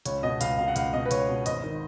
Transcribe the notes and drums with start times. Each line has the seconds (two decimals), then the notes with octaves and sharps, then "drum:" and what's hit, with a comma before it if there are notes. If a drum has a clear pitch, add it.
0.06 C#2 C#5, drum: hi-hat
0.23 B2 D#5
0.41 C#2 F5, drum: hi-hat
0.58 B2 F5
0.68 F#5
0.76 C#2 F5, drum: hi-hat
0.93 B2 D#5
1.05 B4
1.11 C#2 C#5, drum: hi-hat
1.29 B2
1.46 G#1 D#5, drum: hi-hat
1.64 D#3